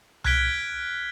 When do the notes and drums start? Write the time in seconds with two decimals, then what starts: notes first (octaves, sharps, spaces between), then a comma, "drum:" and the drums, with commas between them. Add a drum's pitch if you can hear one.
0.24 F6 F#6 G#6 B6 D7 G7, drum: tom C2